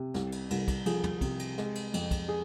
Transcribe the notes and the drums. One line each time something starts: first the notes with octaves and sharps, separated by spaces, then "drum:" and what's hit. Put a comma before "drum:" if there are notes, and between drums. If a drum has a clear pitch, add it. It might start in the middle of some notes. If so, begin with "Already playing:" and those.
Already playing: C3
C2, drum: snare
drum: cymbal
C2, drum: cymbal
drum: kick, cymbal
F3 G#4, drum: cymbal
drum: tom
C3, drum: kick, cymbal
drum: cymbal
G#3, drum: snare
drum: cymbal
F2, drum: cymbal
drum: kick, cymbal
G#4